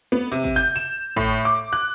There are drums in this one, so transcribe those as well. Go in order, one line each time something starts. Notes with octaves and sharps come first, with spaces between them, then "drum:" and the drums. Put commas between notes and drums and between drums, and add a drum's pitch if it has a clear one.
B3
C3
drum: kick
G6
E7
A2, drum: kick
D6
F#6